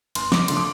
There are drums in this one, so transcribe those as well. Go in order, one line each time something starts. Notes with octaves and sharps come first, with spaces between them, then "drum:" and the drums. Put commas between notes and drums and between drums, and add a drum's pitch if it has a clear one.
G1 C6, drum: cymbal
D6, drum: snare
D3 F3 A3 C6, drum: cymbal
D6